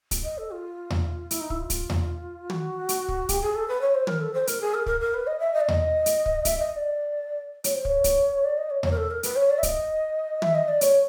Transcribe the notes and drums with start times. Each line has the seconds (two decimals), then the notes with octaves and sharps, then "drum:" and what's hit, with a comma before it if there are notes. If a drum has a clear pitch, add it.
0.11 drum: kick, hi-hat
0.24 D#5
0.38 A4
0.51 F4
0.90 drum: tom E2
1.31 E4, drum: hi-hat
1.40 D#4
1.50 E4, drum: kick
1.59 F4
1.70 drum: kick, hi-hat
1.90 drum: tom E2
2.50 F#4, drum: tom
2.89 drum: hi-hat
3.08 drum: kick
3.29 G4, drum: kick, hi-hat
3.41 G#4
3.55 A4
3.68 B4
3.81 C#5
3.94 C5
4.07 A#4, drum: tom
4.20 A4
4.33 C5
4.47 A#4, drum: hi-hat
4.61 G#4
4.74 A#4
4.86 A#4, drum: kick
5.00 A#4
5.14 B4
5.27 D#5
5.39 E5
5.53 D#5
5.60 D5
5.68 D#5, drum: tom E2
6.06 drum: hi-hat
6.26 drum: kick
6.45 E5, drum: kick, hi-hat
6.58 D#5
6.73 D#5
6.76 D5
7.64 C#5, drum: hi-hat
7.74 C5
7.85 C#5, drum: kick
8.04 drum: kick, hi-hat
8.44 D5
8.57 D#5
8.70 C#5
8.83 C#5, drum: tom E2
8.91 A#4
8.97 A4
9.10 A#4
9.23 B4, drum: hi-hat
9.36 C#5
9.50 D5
9.58 E5
9.63 D#5, drum: kick, hi-hat
10.42 E5, drum: tom
10.55 D#5
10.68 D5
10.81 C#5, drum: hi-hat